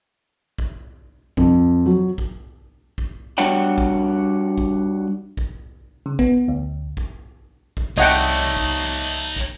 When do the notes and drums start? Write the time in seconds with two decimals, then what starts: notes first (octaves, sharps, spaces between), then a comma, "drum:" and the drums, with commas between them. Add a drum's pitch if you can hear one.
0.59 drum: kick
1.37 F2, drum: kick
1.86 F#3
2.18 drum: kick
2.98 drum: kick
3.38 G3 D4 F#4 C#5 F#5 G5
3.78 drum: kick
4.58 drum: kick
5.37 drum: kick
6.06 C#3
6.19 B3, drum: kick
6.48 D2
6.97 drum: kick
7.77 drum: kick
7.98 C2 G3 A3 D#4 C#5 D#5 F#5 G5
8.57 drum: kick
9.36 drum: kick